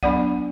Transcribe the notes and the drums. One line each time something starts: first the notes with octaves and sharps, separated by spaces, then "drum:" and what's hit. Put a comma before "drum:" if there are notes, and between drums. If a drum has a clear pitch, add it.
F#3 B3 D4 D5 F#5, drum: kick A#1